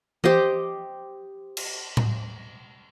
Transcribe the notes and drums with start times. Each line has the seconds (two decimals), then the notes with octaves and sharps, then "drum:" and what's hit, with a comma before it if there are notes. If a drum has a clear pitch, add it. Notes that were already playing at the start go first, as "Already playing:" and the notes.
0.24 G4 C5 D#5, drum: tom E3
1.57 drum: cymbal
1.97 drum: tom A2